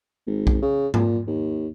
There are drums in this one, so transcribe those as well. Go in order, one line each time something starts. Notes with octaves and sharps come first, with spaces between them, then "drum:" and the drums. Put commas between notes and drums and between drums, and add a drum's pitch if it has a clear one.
G#1
drum: kick B1
C#3
A#2, drum: tom G#2
D#2